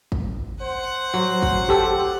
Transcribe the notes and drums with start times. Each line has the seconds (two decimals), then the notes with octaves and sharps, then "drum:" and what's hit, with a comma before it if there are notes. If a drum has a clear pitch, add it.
0.12 drum: kick
0.62 C5 F#5
1.14 F#3
1.43 drum: kick
1.69 G4 A4